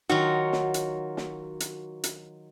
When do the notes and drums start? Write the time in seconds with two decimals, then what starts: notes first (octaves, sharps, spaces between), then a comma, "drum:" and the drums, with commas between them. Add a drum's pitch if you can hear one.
0.09 D#3 F#3 F4 F#4
0.53 drum: snare
0.74 drum: hi-hat
1.17 drum: snare
1.60 drum: hi-hat
2.04 drum: hi-hat